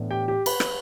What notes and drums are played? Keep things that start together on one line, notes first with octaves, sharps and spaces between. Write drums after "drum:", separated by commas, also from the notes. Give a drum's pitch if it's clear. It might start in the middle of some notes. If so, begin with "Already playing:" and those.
Already playing: A2 E3 B3 D4
G4 G5
G4 G5
B4 B5, drum: cymbal
drum: rim click